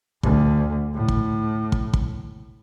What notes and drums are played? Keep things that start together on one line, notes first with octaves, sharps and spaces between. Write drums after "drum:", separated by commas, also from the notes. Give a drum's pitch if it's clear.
D2, drum: kick
A2
drum: kick
drum: kick
drum: kick